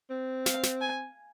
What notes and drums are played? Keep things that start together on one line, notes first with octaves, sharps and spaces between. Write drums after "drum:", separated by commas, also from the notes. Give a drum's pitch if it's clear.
C4
F5, drum: snare
drum: snare
G#5